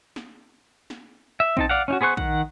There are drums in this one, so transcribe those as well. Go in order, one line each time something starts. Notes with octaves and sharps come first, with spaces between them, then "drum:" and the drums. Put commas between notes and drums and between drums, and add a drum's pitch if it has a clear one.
drum: snare
drum: snare
E5
C4 D#4 A5, drum: kick A#1
D5 F5 F#5
C#4 D#4 F#4
B3 G#4 C5 C#6 F#6
D#3 F#5, drum: kick A#1